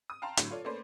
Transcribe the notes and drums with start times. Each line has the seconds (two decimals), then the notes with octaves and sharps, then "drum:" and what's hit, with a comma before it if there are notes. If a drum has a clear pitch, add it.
0.10 D#6
0.22 F5 G5 A5 A#5 C6
0.37 A2 D3 F#3, drum: hi-hat
0.51 F4 A4 C#5 D5
0.64 A3 A#3 C#4 B4 C5 D5